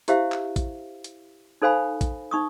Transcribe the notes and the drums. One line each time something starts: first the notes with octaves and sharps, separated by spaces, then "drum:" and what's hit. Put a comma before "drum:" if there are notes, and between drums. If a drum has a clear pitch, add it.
E4 G4 C5 E5 F5, drum: hi-hat
drum: clap
drum: kick, hi-hat
drum: hi-hat
D#4 A4 C5 F5 G#5 B5
drum: kick, hi-hat
D#4 C#6 D#6